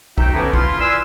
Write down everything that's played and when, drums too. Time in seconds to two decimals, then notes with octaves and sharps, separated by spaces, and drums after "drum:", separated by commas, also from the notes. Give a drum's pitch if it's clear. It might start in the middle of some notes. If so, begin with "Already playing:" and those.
0.18 D#4 F#4 E5 G5, drum: kick
0.34 D3 E3 F3 A#3 B3 C#4
0.53 E4 F4, drum: kick
0.80 B4 D5 G#5 C6 E6